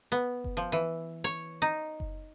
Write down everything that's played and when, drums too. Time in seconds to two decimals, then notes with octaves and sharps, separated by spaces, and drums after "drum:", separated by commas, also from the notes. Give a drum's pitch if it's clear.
0.12 B3
0.44 drum: kick F#1
0.57 F3
0.72 E3
1.24 C#5
1.62 D#4
2.00 drum: kick F#1